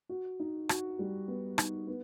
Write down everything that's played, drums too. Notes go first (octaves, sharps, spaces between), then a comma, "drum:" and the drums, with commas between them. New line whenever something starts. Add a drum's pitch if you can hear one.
F#4
D#4
F#4, drum: rim click
G3
B3
D#4, drum: rim click
B3